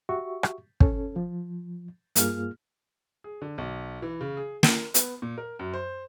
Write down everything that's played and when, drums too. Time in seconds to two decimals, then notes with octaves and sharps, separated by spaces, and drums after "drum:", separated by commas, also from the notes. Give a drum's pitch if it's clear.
0.09 F#4 G4 E5 C#6
0.43 drum: rim click
0.80 C#4 A4, drum: kick
1.16 F3
2.16 G2 A#3 F4 G#4 F6, drum: hi-hat
3.24 G#4
3.42 D3
3.58 B1
4.02 E3
4.21 C#3
4.37 G#4
4.63 A#4, drum: snare
4.94 B3, drum: hi-hat
5.22 A#2
5.38 A#4
5.59 F#2
5.74 C5